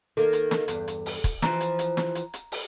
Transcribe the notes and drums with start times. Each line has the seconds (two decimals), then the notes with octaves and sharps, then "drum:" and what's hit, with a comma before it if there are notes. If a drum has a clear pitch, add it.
0.17 D#3 A#3 A4
0.33 drum: hi-hat
0.51 drum: snare
0.68 E2 G2, drum: hi-hat
0.88 drum: hi-hat
1.06 drum: open hi-hat
1.24 drum: kick, hi-hat
1.42 E3 F3 A#5, drum: snare
1.61 drum: hi-hat
1.79 drum: hi-hat
1.97 drum: snare
2.15 drum: hi-hat
2.34 drum: hi-hat
2.52 drum: open hi-hat